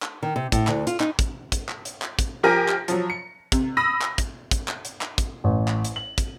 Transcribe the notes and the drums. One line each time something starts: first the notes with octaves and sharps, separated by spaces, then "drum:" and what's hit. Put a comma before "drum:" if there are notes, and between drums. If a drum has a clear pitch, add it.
drum: clap
D#3
C3
A2, drum: kick, hi-hat
D2, drum: clap
F4, drum: hi-hat
D#4, drum: clap
drum: kick, hi-hat
drum: kick, hi-hat
drum: clap
drum: hi-hat
drum: clap
drum: kick, hi-hat
F3 G4 A#4 G#5 A#6
drum: clap
F3 F#3, drum: hi-hat
C#7
C3, drum: kick, hi-hat
B5 D#6 E6 A#6
drum: clap
drum: kick, hi-hat
drum: kick, hi-hat
drum: clap
drum: hi-hat
drum: clap
drum: kick, hi-hat
A1
drum: clap
drum: hi-hat
F#7
drum: kick, hi-hat